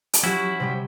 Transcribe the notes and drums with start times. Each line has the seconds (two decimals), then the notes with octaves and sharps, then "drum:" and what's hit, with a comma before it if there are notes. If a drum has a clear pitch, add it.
0.13 drum: hi-hat
0.23 F3 F#3 C#4 E4 F#4 G4
0.60 C3 G3 G4 C5